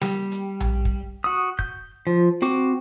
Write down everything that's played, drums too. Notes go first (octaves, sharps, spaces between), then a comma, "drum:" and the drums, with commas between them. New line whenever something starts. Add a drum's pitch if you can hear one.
G3, drum: snare
drum: hi-hat
drum: tom A#1
drum: kick
F#4 D#6
G6, drum: kick
F3
C4 F#4 D6, drum: hi-hat